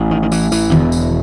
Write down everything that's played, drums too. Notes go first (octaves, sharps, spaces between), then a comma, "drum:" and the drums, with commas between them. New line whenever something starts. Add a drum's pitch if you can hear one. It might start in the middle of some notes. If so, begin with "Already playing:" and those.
Already playing: A1 A2
D#3
D#3
E3, drum: tambourine
E3, drum: tambourine
E1 E2 B2, drum: tom D#3
drum: tambourine